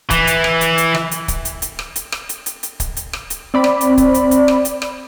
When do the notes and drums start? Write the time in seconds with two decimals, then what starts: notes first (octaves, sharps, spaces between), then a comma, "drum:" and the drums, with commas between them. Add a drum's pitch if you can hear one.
0.10 E3, drum: kick, hi-hat
0.27 drum: hi-hat
0.44 drum: rim click
0.61 drum: hi-hat
0.78 drum: hi-hat
0.95 drum: rim click
1.11 drum: hi-hat
1.28 drum: kick, hi-hat
1.45 drum: hi-hat
1.62 drum: hi-hat
1.79 drum: rim click
1.96 drum: hi-hat
2.12 drum: rim click
2.29 drum: hi-hat
2.46 drum: hi-hat
2.63 drum: hi-hat
2.80 drum: kick, hi-hat
2.97 drum: hi-hat
3.13 drum: rim click
3.30 drum: hi-hat
3.54 C4 D5 B5
3.64 drum: rim click
3.81 drum: hi-hat
3.98 drum: kick, hi-hat
4.14 drum: hi-hat
4.31 drum: hi-hat
4.48 drum: rim click
4.65 drum: hi-hat
4.82 drum: rim click